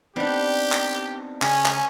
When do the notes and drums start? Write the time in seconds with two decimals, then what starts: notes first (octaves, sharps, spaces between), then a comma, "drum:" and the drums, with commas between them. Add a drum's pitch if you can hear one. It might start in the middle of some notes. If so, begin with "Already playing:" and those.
0.16 G3 B3 C4 D4 D#4 G4
0.72 drum: clap
1.42 C#3 C#4 G#5, drum: clap
1.65 drum: clap